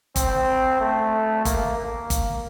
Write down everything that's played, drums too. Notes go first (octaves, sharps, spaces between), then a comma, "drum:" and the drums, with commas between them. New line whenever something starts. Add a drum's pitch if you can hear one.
C4, drum: kick, hi-hat
A3
A#3, drum: kick, hi-hat
A#3
drum: kick, hi-hat